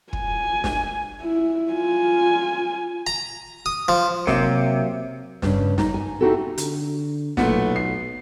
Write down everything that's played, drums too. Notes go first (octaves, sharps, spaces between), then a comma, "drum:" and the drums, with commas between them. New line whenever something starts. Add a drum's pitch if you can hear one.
G#5, drum: kick
drum: snare
E4
F4 G#5
A#5
D#6
F3
C3 F#3 A#3, drum: snare
G2 C#3, drum: snare
D#4, drum: snare
G#5
C4 D#4 E4 F#4 G4 A4
D3, drum: hi-hat
B1 A#2 A3 B3, drum: snare
C7